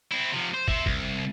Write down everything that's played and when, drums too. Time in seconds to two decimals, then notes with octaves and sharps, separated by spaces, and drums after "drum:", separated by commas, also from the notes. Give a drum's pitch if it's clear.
0.11 C4 E4
0.33 C3 F3
0.54 C5
0.68 C5 E5, drum: kick
0.86 C2, drum: kick